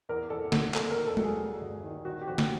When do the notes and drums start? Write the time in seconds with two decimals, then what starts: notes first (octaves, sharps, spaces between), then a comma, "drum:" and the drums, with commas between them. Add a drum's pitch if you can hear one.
0.09 E2 A#4
0.30 E2 A4
0.52 F#3 A4, drum: snare
0.74 A#3 A4, drum: clap
0.91 A#4
0.96 D#2
1.07 A4
1.17 F#3 A4, drum: tom G#3
1.23 G#4
1.40 G3
1.61 G1
1.84 D#3
2.05 D#3 F#4
2.21 G4
2.27 F1 F#4
2.38 drum: snare